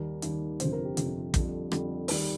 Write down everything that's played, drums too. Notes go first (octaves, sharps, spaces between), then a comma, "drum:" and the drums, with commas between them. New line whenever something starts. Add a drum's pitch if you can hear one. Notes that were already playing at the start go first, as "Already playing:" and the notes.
Already playing: D#2 D#3 G3 A#4
D#2 D#3 G3, drum: hi-hat
G1 F2 C3 C5, drum: hi-hat
A#4
G4
G1 F2 C3, drum: hi-hat
F2 D3 G3, drum: kick, hi-hat
F2 D3 G3 G4, drum: rim click
D#2 D#3 G3, drum: open hi-hat